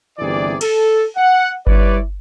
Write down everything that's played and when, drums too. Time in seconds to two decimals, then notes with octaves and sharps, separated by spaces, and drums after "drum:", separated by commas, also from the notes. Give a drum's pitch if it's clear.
0.19 G1 C3 E3 G#4 D5
0.61 A4, drum: cymbal
1.17 F#5
1.67 G3 E4 B4 C#5 D5, drum: kick G1